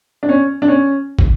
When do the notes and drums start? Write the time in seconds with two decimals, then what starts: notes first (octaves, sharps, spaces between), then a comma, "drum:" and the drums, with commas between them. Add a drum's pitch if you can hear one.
0.23 D4
0.29 C#4
0.62 D4
0.68 C#4
1.19 drum: kick